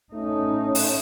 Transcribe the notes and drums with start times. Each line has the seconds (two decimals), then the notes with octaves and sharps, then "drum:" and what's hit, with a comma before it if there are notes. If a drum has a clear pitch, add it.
0.13 A3 C#4 D#4
0.75 drum: open hi-hat